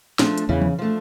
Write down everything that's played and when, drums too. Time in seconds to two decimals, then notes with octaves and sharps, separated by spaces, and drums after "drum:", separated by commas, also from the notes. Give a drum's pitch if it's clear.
0.19 F3 A3 D4, drum: snare
0.38 drum: hi-hat
0.49 E2 C#3 E3
0.62 drum: tom E3
0.79 F3 A3 D4